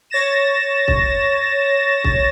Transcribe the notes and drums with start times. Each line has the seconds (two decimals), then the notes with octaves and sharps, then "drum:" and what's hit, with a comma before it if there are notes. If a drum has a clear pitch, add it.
0.10 C#5 A6 A#6 E7
0.88 drum: kick
2.04 drum: kick